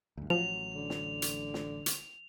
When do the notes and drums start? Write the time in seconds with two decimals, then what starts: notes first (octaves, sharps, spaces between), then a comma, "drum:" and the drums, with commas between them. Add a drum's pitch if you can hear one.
0.17 D2 G2
0.30 A1 F3 F#3 F7
0.74 D3
0.90 drum: snare
1.22 drum: hi-hat
1.54 drum: snare
1.86 drum: hi-hat